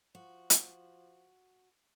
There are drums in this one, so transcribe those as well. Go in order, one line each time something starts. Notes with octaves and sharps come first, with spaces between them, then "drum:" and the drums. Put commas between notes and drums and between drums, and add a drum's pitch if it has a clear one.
F3 F#4
drum: hi-hat